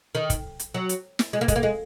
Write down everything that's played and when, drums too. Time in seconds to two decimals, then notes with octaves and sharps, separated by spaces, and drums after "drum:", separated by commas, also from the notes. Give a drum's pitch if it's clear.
0.15 D#3
0.30 drum: kick, hi-hat
0.59 drum: hi-hat
0.74 F#3
0.89 drum: hi-hat
1.19 drum: snare
1.33 G#3
1.41 A#3
1.48 G#3, drum: kick, hi-hat
1.56 A#3
1.63 G#3